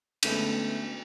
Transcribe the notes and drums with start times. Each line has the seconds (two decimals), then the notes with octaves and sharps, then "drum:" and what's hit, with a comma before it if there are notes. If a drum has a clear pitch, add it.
0.23 D3 G#3 A3 B3 C#4, drum: cymbal